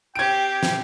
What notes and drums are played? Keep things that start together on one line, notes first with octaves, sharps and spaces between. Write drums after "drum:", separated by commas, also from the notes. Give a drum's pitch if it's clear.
C4 G4 G5 G#6 D7
drum: snare